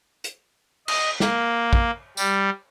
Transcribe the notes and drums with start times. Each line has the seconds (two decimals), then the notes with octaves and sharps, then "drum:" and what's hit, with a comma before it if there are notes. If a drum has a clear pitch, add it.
0.24 drum: hi-hat
0.88 D#5, drum: cymbal
1.20 A#3, drum: snare
1.73 drum: kick
2.17 G3, drum: tambourine